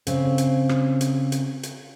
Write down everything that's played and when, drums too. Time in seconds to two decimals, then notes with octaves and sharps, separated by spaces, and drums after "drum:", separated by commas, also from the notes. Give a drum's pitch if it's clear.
0.07 C#3 C4, drum: hi-hat
0.38 drum: hi-hat
0.69 drum: rim click
1.01 drum: hi-hat
1.32 drum: hi-hat
1.63 drum: hi-hat